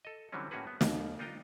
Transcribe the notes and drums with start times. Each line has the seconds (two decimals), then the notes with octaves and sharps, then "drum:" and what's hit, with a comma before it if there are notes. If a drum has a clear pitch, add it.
0.05 A4 D#5
0.32 D3 E3 F#3 G3 C4 C#4
0.51 A2 A#3 C#4 F#4 G#4 B4
0.67 B3
0.81 D#2, drum: snare
1.19 D4 D#4 F4 D#5 G5 A#5